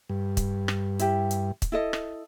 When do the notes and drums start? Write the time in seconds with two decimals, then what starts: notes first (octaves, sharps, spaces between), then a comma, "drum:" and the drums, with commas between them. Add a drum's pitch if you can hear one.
0.09 G2
0.37 drum: kick C#1, hi-hat
0.68 drum: rim click
0.99 E4 G4, drum: hi-hat
1.31 drum: hi-hat
1.62 drum: kick C#1, hi-hat
1.72 E4 A4 D#5
1.93 drum: rim click